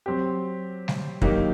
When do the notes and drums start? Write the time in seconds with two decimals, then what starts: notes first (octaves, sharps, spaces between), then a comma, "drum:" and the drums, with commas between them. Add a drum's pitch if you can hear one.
0.06 F#3 C4 G4
0.88 drum: snare G3
1.22 D#3 F#3 A#3 D#4 G4, drum: kick